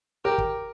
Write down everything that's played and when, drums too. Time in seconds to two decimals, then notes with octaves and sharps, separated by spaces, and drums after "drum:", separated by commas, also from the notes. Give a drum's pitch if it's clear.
0.25 G4 A#4
0.38 drum: kick